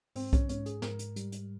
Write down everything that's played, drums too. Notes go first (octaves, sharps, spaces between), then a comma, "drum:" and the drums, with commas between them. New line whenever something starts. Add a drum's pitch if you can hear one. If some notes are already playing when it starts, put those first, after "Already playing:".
G#2 C4, drum: open hi-hat
C#4, drum: kick B1, hi-hat
G#2 C#4, drum: hi-hat
G#4, drum: hi-hat
G#2 A#4, drum: snare
drum: hi-hat
G3, drum: hi-hat
drum: hi-hat